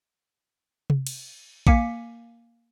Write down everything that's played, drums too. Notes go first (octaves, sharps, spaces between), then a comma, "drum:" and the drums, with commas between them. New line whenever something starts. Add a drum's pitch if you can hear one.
drum: tom C3
drum: cymbal
A#3 F5 G#5 D6 B6 C#7, drum: kick A#1